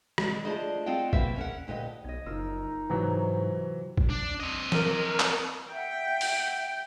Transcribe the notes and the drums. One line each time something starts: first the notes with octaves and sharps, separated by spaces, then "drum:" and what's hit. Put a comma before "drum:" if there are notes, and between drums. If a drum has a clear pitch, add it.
G#3, drum: rim click
A3 D4 F4 G#4 C5 D#5
C4 F4 F#4 D#5 F5 G5
B2 A#3 B4 C5 E5, drum: kick A1
C#4 A#4 F#5
D2 A#2 G4 B4 D#5
B1 D#5 G#6
F#1 D#4 F4 A#4 E6
G#2 C3 E3 F#3
drum: kick A1
D4
C4 D#5
A#4, drum: snare
drum: clap
E5 F#5 G5
drum: open hi-hat